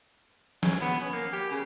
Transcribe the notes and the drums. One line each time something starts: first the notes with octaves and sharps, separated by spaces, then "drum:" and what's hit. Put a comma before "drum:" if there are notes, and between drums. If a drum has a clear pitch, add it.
C#4, drum: snare
B3
C#4
A#3
G4
C#3